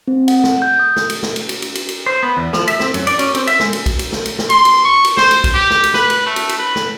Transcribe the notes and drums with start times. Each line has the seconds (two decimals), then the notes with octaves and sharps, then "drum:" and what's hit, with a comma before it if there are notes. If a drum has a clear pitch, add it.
0.08 C4
0.28 F#5, drum: cymbal
0.44 drum: snare
0.62 G6
0.79 D#6
0.96 drum: snare
1.10 drum: cymbal
1.23 drum: snare
1.36 drum: cymbal
1.49 drum: cymbal
1.62 drum: cymbal
1.75 drum: cymbal
1.89 drum: cymbal
2.06 C5
2.23 B3
2.37 E2
2.53 F3, drum: snare
2.68 E5, drum: cymbal
2.80 C4, drum: snare
2.94 F#2, drum: cymbal
3.07 D5, drum: cymbal
3.19 C#4, drum: cymbal
3.35 C4, drum: cymbal
3.47 E5, drum: cymbal
3.60 G#3, drum: snare
3.73 drum: cymbal
3.86 drum: kick, cymbal
3.99 drum: cymbal
4.12 drum: snare
4.26 drum: cymbal
4.39 drum: snare
4.50 C6, drum: cymbal
4.65 drum: cymbal
4.85 C#6
5.05 drum: cymbal
5.17 C5, drum: snare
5.31 drum: cymbal
5.44 drum: kick, cymbal
5.54 G4
5.70 drum: snare
5.83 drum: cymbal
5.94 B4, drum: snare
6.10 drum: cymbal
6.26 A3
6.36 drum: cymbal
6.49 drum: cymbal
6.59 B4
6.76 drum: snare